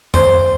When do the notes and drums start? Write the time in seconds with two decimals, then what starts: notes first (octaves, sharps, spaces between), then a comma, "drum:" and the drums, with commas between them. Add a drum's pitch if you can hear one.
0.14 C5, drum: tom F2